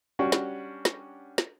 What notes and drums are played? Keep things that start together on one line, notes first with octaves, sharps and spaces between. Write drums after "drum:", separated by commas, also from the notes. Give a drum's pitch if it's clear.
G3 C#4 D4 F#4
drum: snare
drum: snare
drum: snare